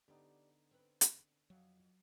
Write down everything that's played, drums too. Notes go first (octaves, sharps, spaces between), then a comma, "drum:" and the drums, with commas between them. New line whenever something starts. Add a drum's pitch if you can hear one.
D3 B3 D#4 G4 D5
C4 B4
drum: hi-hat
F2 F#3